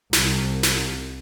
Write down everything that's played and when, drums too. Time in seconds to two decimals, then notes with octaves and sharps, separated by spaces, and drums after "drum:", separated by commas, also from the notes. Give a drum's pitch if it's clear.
0.13 C2, drum: snare
0.63 drum: snare